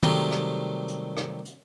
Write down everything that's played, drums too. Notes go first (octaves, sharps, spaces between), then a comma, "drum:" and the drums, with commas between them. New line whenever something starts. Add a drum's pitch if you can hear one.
C3 D#3 F#3 G3 A3, drum: tom
drum: rim click
drum: hi-hat
drum: rim click
drum: hi-hat